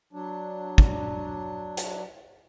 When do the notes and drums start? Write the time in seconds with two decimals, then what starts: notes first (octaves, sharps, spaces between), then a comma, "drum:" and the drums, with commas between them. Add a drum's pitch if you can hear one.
0.13 F#3 D4
0.78 drum: kick
1.77 drum: hi-hat